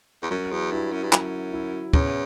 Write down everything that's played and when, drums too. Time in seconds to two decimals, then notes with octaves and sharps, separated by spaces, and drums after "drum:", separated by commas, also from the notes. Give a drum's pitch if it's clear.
0.23 E2
0.31 F#2 F#3
0.52 E2
0.72 G2 E4
0.92 F#2
1.03 G2
1.13 F#2 F#3, drum: clap
1.53 E4
1.93 E2 C#4, drum: kick